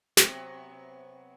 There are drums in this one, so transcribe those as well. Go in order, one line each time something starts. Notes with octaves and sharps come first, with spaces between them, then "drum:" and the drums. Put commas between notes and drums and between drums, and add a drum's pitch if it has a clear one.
C3 F#3 B3, drum: snare